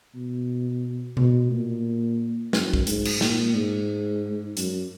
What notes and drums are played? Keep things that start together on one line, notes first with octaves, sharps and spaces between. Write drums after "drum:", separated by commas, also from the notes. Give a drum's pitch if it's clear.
B2
B2, drum: tom B2
A#2
F#2, drum: snare
drum: kick
G#2, drum: hi-hat
drum: cymbal
A#2, drum: snare
G#2
F#2, drum: hi-hat